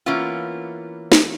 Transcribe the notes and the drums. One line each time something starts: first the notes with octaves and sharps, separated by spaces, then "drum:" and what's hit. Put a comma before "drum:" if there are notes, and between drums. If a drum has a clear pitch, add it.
E3 A#3 B3 C#4 F4
drum: snare